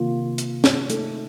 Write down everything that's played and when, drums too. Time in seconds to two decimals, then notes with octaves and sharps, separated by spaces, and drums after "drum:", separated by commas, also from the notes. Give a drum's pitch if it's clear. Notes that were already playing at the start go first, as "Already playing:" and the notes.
Already playing: C3 D#3 A#3 F4
0.38 drum: hi-hat
0.64 drum: snare
0.90 A3 D#4 A4, drum: hi-hat